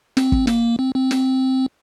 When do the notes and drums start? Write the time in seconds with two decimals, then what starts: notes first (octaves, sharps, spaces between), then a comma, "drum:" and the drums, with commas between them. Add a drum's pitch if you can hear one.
0.17 C4, drum: snare
0.32 drum: kick
0.47 A#3, drum: snare
0.79 C4
0.95 C4
1.11 drum: snare